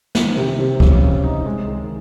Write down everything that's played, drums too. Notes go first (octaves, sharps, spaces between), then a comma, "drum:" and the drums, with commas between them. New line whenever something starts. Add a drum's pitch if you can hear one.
D#3, drum: snare
C3
C3
C#3, drum: kick
C#3
D#4
G#3
D#3